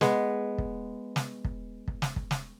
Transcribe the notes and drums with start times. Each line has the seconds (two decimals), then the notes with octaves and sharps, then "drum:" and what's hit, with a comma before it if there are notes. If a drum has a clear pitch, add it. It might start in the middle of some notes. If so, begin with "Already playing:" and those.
0.01 G#3 B3, drum: snare
0.58 drum: kick
1.16 drum: snare
1.45 drum: kick
1.88 drum: kick
2.02 drum: snare
2.16 drum: kick
2.31 drum: snare